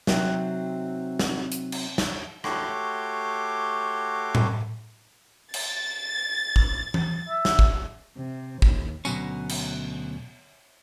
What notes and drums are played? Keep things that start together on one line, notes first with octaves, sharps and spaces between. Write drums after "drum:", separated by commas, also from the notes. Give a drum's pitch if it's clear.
C3 F#3 C4 D#4 F#4 G5, drum: snare
drum: snare
drum: hi-hat
drum: cymbal
drum: snare
A3 F#4 G4 C#5 C6 D6, drum: rim click
drum: tom A2
A6, drum: cymbal
drum: kick
drum: tom E3
E5
drum: snare
drum: kick
C3
D#2, drum: kick
D2 B2 F#3 C#4, drum: tambourine
drum: cymbal